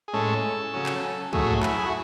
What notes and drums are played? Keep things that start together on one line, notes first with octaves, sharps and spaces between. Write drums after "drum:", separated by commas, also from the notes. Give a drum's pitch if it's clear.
G#4
A2 G#3 C#4 A4
C#3 F#3 C#4
drum: clap
A2 F#3 A3 G#4, drum: kick
E4, drum: clap
G#4
F#4